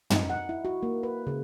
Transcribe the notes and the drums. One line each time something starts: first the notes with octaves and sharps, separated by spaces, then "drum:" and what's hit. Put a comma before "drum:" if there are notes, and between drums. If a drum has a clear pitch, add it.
D#4, drum: tom
F#5
E4
F#4
A#3
B4
C#3